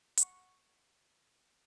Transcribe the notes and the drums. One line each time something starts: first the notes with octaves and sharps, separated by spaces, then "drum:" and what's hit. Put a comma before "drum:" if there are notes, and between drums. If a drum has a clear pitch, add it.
F#5 C#6, drum: hi-hat